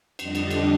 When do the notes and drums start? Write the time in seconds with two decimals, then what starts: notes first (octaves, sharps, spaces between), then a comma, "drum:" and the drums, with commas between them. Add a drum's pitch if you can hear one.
0.19 F2 D3 G3 D4 D#5, drum: cymbal
0.35 drum: cymbal
0.51 drum: cymbal